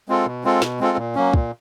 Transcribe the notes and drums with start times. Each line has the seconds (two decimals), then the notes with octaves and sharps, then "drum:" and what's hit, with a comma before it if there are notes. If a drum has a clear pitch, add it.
0.09 G#3 C4 F4 A4
0.26 B2
0.44 G#3 C4 F4 A4
0.62 B2, drum: snare
0.80 G#3 C4 F4 A4
0.98 A#2
1.15 F#3 A#3 C#4
1.33 A#2, drum: kick